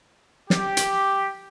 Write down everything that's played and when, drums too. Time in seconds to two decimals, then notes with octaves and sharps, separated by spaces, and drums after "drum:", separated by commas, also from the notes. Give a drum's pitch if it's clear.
0.50 G4, drum: snare
0.77 drum: hi-hat